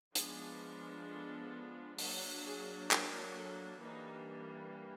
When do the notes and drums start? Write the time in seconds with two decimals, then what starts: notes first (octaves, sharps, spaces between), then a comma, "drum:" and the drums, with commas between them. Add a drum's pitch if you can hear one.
0.15 F3 G#3 B3 D4 G#4, drum: hi-hat
1.08 A4
1.98 F#3 A#3 D4, drum: open hi-hat
2.45 G#4
2.91 A#4, drum: clap
3.36 A4
3.82 E3 G3 A#3 D4 D#4